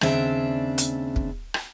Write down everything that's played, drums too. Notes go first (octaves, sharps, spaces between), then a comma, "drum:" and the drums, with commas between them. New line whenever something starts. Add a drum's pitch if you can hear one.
D#2 C#3 C4 D4 E5, drum: rim click
drum: hi-hat
drum: kick
drum: rim click